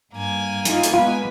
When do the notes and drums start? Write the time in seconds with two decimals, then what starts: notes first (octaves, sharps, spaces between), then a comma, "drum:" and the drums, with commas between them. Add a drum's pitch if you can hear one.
0.14 G2 A#3 G#5
0.65 E3 D#4 F4, drum: hi-hat
0.83 drum: hi-hat
0.94 G#3 B3 F4 B4